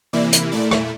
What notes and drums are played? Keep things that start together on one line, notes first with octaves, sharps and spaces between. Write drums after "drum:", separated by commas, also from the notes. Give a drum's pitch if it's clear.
C3 E3 A#3 E4 D5
drum: hi-hat
A#2 A3 E4 D5
drum: rim click